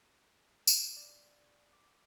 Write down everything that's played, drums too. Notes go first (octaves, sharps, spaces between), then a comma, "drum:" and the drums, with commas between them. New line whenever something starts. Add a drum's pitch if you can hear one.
G6, drum: tambourine
D5
D6